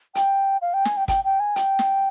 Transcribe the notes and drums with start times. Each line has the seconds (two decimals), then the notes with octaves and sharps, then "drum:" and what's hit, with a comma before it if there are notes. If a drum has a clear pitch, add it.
0.15 G5, drum: hi-hat
0.62 F5
0.74 G5
0.85 G#5, drum: snare
0.97 G5
1.08 G5, drum: kick, hi-hat
1.25 G5
1.40 G#5
1.56 G5, drum: hi-hat
1.79 drum: snare